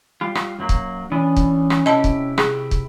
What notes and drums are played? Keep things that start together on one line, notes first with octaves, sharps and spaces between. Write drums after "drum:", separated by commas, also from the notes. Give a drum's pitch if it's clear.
G3 F4
drum: rim click
F#2 F#3 A#3
drum: kick
E3 B3 C#4 D4
drum: kick
drum: rim click
C3 E4 G4 D#5 A5
drum: kick
G#4, drum: rim click
drum: kick